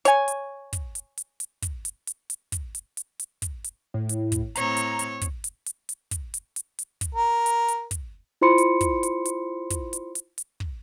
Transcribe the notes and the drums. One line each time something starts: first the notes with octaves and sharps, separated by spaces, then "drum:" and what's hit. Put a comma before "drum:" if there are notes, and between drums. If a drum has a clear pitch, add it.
C#5 G#5, drum: hi-hat
drum: hi-hat
drum: kick, hi-hat
drum: hi-hat
drum: hi-hat
drum: hi-hat
drum: kick, hi-hat
drum: hi-hat
drum: hi-hat
drum: hi-hat
drum: kick, hi-hat
drum: hi-hat
drum: hi-hat
drum: hi-hat
drum: kick, hi-hat
drum: hi-hat
A2
drum: hi-hat
drum: kick, hi-hat
A2 C4 C#5 A#5, drum: hi-hat
drum: hi-hat
drum: hi-hat
drum: kick, hi-hat
drum: hi-hat
drum: hi-hat
drum: hi-hat
drum: kick, hi-hat
drum: hi-hat
drum: hi-hat
drum: hi-hat
drum: kick, hi-hat
A#4
drum: hi-hat
drum: hi-hat
drum: kick, hi-hat
E4 F4 C5 B5 C6 C#7
drum: hi-hat
drum: kick, hi-hat
drum: hi-hat
drum: hi-hat
drum: kick, hi-hat
drum: hi-hat
drum: hi-hat
drum: hi-hat
drum: kick